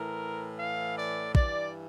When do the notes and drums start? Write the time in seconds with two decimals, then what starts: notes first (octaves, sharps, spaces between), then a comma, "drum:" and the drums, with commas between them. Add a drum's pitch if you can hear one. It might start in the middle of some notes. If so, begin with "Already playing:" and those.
Already playing: A2 E3 A#4
0.59 F5
0.96 D5
1.35 G2 E3 D5, drum: kick